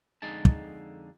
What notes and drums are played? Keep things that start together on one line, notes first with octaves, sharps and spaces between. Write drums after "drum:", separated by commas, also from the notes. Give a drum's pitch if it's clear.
F2 D3 G#3 D#4 G#4 A5
drum: kick